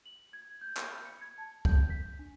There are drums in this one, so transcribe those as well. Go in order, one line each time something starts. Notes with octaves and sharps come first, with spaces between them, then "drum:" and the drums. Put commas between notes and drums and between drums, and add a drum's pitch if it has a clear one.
F#7
G#6
G6
drum: clap
B5
C#7
G#6
A5
G6, drum: kick
B6
D4